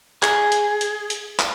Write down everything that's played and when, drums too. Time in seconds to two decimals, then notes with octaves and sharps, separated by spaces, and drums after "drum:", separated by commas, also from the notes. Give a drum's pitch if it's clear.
0.23 G#4, drum: clap
0.52 drum: hi-hat
0.81 drum: hi-hat
1.10 drum: hi-hat
1.39 drum: clap